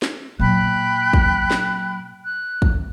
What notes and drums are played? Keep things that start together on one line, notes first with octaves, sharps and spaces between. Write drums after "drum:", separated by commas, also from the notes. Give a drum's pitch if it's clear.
drum: snare
A#2 F#3 G5 B5 F#6
drum: kick
drum: snare
F#6
drum: kick